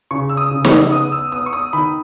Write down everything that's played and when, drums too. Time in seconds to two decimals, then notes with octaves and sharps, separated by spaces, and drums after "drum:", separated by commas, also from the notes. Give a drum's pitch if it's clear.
0.11 C#3 C#6
0.29 E6
0.37 D#6
0.51 C#3
0.65 C#6, drum: snare
0.92 B3 D#6
1.12 E6
1.32 B3 D#6
1.46 C#6
1.53 D#6
1.73 D#3 B5